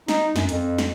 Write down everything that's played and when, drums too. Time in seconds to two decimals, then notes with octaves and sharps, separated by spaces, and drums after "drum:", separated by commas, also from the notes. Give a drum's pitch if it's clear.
0.08 D#4, drum: snare
0.36 F#2, drum: snare
0.49 F2, drum: hi-hat
0.78 drum: snare